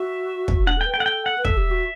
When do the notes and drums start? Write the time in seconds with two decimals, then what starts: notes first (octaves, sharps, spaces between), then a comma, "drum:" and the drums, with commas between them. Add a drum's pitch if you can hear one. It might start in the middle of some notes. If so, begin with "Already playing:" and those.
Already playing: F#4 E5
0.48 drum: kick
0.67 D4 F#5
0.77 A4 G5
0.86 B4
0.94 G5
0.96 A4 F#5
1.06 G5
1.26 F#5
1.38 B4
1.45 A4 E5, drum: kick
1.57 G4
1.71 F#4